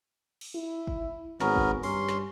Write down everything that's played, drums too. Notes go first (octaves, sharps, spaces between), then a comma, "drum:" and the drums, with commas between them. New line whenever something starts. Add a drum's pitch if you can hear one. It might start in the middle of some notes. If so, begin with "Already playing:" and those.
drum: cymbal
E4
drum: kick
G#1 B3 C#4 A#4, drum: snare
drum: kick
G2 C#4 C6, drum: open hi-hat
drum: snare